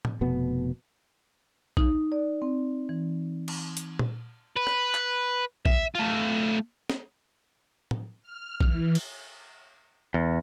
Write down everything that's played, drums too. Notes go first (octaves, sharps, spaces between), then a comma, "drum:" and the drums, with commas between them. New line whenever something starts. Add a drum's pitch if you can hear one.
drum: tom A2
F1 B2 B3
D#4, drum: kick
D5
C4
E3
drum: cymbal
drum: hi-hat
drum: tom A#2
B4
drum: rim click
drum: clap
E5, drum: kick
A3 F4
drum: snare
drum: tom A2
F6
E3, drum: kick
drum: cymbal
E2